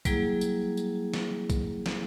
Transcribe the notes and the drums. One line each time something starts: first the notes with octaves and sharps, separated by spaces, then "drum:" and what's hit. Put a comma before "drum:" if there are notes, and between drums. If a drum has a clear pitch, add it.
F#3 G3 A#3 E4 G#4, drum: kick, tambourine
drum: tambourine
drum: tambourine
drum: snare
drum: kick, tambourine
drum: snare